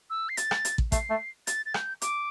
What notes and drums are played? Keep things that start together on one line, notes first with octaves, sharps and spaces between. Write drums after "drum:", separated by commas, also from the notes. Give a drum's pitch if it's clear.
E6
C7
A6, drum: hi-hat
drum: rim click
drum: hi-hat
drum: kick
A3 C7, drum: kick, hi-hat
A3
A6, drum: hi-hat
A6
G6, drum: rim click
D6, drum: hi-hat